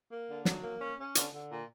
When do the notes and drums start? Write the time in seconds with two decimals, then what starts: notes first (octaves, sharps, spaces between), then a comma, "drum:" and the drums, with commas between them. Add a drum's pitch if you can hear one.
0.11 A#3
0.28 D3
0.45 F#3, drum: snare
0.63 A#3
0.80 C#4
0.98 C#4
1.15 D3, drum: hi-hat
1.32 D3
1.50 A#2